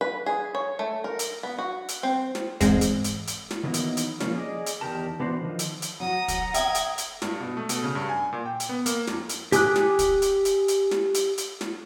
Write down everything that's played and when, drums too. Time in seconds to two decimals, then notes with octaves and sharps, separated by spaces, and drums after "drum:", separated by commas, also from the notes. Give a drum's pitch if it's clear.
0.01 B4
0.26 G#4
0.55 C#5
0.79 A3
1.04 A#4
1.19 drum: hi-hat
1.43 B3
1.58 F#4
1.88 drum: hi-hat
2.03 C4
2.35 drum: snare
2.60 E2 G#2 G#3 C4, drum: kick, hi-hat
2.81 drum: hi-hat
3.04 drum: hi-hat
3.27 drum: hi-hat
3.51 drum: snare
3.63 D#3 E3 F#3 A#3 B3 D#4
3.74 drum: hi-hat
3.97 drum: hi-hat
4.20 F3 A#3 C#4, drum: snare
4.36 G#4 D5 D#5
4.66 drum: hi-hat
4.81 E2 D#3 G4 A#4 A5
5.19 E3 B3 D4 F#4 C5
5.42 D#3 F3
5.59 drum: hi-hat
5.82 drum: hi-hat
6.00 F#3 F#5 A#5 D#6
6.28 drum: kick, hi-hat
6.54 E5 G5 D#6 G#6, drum: hi-hat
6.75 drum: hi-hat
6.98 drum: hi-hat
7.22 G2, drum: snare
7.40 B2
7.57 A3
7.69 B2, drum: hi-hat
7.83 C#3
7.95 G2
8.09 G#5
8.33 A#2
8.45 G5
8.60 drum: hi-hat
8.69 B3
8.86 A#3, drum: hi-hat
9.07 F2, drum: snare
9.29 drum: hi-hat
9.52 G4 G#5 D6 D#6 F#6, drum: hi-hat
9.76 drum: snare
9.99 drum: kick, hi-hat
10.22 drum: hi-hat
10.45 drum: hi-hat
10.68 drum: hi-hat
10.91 drum: snare
11.14 drum: hi-hat
11.38 drum: hi-hat
11.61 drum: snare